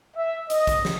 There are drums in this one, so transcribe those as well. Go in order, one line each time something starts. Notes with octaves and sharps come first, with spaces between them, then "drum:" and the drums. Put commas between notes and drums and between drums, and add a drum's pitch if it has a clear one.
E5
D#5, drum: hi-hat
drum: kick, hi-hat
drum: snare